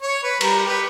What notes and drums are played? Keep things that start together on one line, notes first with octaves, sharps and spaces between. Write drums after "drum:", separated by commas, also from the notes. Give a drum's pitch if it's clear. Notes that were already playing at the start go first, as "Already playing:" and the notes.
C#5
B4
G3 A#4 A#5, drum: cymbal
G4 B4